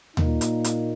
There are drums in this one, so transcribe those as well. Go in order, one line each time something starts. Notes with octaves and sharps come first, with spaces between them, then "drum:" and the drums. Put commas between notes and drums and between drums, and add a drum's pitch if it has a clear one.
A#2 A#3 D#4, drum: tom D#2
drum: hi-hat
drum: hi-hat